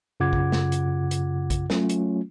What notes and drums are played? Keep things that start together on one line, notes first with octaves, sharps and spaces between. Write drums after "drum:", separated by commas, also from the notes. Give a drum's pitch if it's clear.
F#2 C#3 F4 F#5 D6 G#6
drum: kick
drum: snare
drum: hi-hat
drum: hi-hat
drum: kick, hi-hat
F#3 A3 C#4 F4, drum: snare
drum: hi-hat